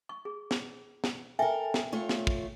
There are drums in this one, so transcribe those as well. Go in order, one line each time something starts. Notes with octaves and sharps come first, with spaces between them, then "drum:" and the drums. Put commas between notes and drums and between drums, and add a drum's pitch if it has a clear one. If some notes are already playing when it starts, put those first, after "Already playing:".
C#6
G#4
drum: snare
drum: snare
A4 A#4 E5 G5 G#5
drum: snare
A3 F4 C#5
drum: snare
drum: kick